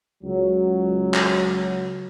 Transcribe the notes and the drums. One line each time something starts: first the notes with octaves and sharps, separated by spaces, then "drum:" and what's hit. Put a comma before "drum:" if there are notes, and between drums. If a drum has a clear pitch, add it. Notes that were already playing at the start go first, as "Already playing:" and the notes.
C#2 F#3
drum: clap